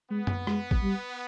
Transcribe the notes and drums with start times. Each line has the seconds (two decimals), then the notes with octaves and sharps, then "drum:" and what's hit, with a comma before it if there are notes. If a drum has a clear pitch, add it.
0.11 G#3 B3
0.27 drum: tom F#2
0.47 G#3, drum: rim click
0.71 drum: kick
0.83 G3